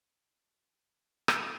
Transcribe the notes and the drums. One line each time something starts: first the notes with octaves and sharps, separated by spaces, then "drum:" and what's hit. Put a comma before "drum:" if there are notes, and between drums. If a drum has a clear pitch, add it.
F4
drum: rim click